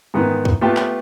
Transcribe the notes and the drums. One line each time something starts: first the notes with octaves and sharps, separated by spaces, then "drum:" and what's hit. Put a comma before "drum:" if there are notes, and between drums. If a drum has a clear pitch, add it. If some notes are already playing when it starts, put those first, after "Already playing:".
G#2 D#3 E3 B3
drum: kick
A3 B3 F4 G4 G5 A5
drum: clap